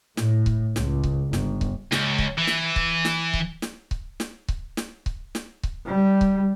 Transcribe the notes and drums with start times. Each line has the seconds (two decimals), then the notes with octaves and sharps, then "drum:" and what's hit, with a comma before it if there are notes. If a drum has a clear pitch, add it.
0.17 A2, drum: snare
0.46 drum: kick C#1
0.76 C#2, drum: snare
1.04 drum: kick C#1
1.33 G1, drum: snare
1.61 drum: kick C#1
1.92 C#2, drum: snare
2.19 drum: kick C#1
2.38 E3
2.47 drum: snare
2.76 drum: kick C#1
3.05 drum: snare
3.33 drum: kick C#1
3.62 drum: snare
3.91 drum: kick C#1
4.20 drum: snare
4.48 drum: kick C#1
4.77 drum: snare
5.06 drum: kick C#1
5.35 drum: snare
5.63 drum: kick C#1
5.86 G3
6.21 drum: kick C#1